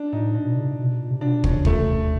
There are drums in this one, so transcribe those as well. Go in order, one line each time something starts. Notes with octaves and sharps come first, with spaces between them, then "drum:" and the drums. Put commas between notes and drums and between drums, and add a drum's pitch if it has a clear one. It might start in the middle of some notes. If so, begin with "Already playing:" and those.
Already playing: D4
A2 D#4
A#2 D4
B2
C#3
C3
B2
A#2
C3
B2 D4
C#3 C#4, drum: kick
C3 A3, drum: kick
C3